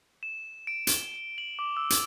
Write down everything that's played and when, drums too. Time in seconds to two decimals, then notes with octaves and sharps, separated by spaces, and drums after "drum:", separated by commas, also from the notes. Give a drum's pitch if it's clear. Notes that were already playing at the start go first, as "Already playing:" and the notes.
0.23 E7
0.67 D7
0.87 G7, drum: hi-hat
1.38 F#7
1.59 D6
1.77 E6
1.90 drum: hi-hat